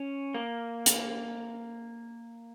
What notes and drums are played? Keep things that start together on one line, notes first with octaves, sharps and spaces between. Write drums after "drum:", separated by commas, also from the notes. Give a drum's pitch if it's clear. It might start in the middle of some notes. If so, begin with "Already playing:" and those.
Already playing: C#4
A#3
drum: hi-hat